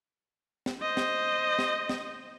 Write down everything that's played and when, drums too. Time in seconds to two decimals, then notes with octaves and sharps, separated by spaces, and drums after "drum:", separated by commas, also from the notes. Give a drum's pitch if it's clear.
0.66 drum: snare
0.82 C5 D#5
0.97 drum: snare
1.59 drum: snare
1.89 drum: snare